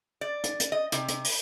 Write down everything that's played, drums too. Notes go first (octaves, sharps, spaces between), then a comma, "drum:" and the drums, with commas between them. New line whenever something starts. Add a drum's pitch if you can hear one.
D5
drum: hi-hat
drum: hi-hat
D#5
C3, drum: hi-hat
drum: hi-hat
drum: open hi-hat